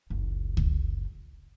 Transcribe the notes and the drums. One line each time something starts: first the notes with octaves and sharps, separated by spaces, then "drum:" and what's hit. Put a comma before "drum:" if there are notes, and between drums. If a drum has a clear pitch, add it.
F#1 C#2
drum: kick C#2